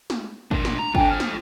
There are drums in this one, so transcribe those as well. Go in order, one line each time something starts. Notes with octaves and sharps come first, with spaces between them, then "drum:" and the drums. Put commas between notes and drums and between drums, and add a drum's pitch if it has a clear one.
drum: snare
D4 A#4, drum: kick
drum: snare
A#5
D4 F4 A4 G5 G#5, drum: kick
F6
drum: snare